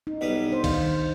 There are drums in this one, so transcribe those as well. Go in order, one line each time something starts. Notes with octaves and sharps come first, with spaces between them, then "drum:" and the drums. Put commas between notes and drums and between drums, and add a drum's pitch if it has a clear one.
D#4
B1 G3 B4
D4 C5
D#3 F5, drum: kick C2, cymbal